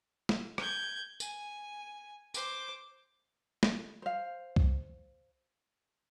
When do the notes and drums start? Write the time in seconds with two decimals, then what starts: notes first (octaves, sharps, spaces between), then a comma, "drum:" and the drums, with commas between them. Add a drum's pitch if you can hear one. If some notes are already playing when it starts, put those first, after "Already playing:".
0.29 drum: snare
0.58 G6 G#6, drum: rim click
1.20 G#5, drum: tambourine
2.34 C5 D6, drum: tambourine
3.63 drum: snare
4.02 C5 F5
4.56 drum: kick C2